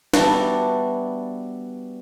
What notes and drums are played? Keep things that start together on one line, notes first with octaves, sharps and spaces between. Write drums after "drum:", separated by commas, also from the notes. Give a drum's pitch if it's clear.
E3 G3 B3 D4 F#4, drum: snare